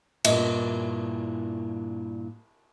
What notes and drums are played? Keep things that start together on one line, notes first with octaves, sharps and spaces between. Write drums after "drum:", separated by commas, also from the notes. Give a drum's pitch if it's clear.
G2 A#2 E4 A#4 D#5 E5, drum: cymbal